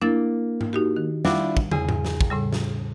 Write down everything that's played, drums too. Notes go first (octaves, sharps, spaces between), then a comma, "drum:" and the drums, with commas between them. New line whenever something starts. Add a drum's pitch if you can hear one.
A#3 D4 E4 A6
drum: tom G#2
D#4 F#4 G4
D#3
G3 D4 E4 F4 F#5 D6, drum: snare
drum: kick
E2 C#3 G#4, drum: tom
drum: tom G#2
drum: snare
drum: kick
A2 C#3 G3
drum: snare